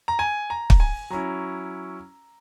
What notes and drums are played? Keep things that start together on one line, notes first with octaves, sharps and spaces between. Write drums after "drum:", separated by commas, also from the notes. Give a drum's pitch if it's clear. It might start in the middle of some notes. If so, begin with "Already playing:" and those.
A#5
G#5
A#5
drum: kick
G#5
F#3 C#4 E4 A#5